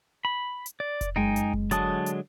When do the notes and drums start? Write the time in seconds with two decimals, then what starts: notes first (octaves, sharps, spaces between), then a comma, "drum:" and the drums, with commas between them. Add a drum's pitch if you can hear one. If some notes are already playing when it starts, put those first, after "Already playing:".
0.25 B5
0.66 drum: hi-hat
0.80 D5
1.01 drum: kick F1, hi-hat
1.16 F#2 G#3 D#4 G5 G#5
1.36 drum: hi-hat
1.54 drum: kick F1
1.71 D3 F#3 G#3 A5 D#6 A6, drum: hi-hat
2.06 drum: hi-hat